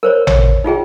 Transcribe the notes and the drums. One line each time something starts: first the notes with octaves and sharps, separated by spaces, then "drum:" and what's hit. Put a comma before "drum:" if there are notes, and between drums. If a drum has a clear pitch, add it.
A#4 C5 C#5
C#5, drum: tom A1
D#4 F4 G#4 G5